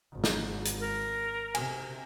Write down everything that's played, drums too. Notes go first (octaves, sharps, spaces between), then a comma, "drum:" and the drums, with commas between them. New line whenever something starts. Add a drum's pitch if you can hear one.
G#1
drum: snare
drum: hi-hat
A#4
C3 G#5, drum: cymbal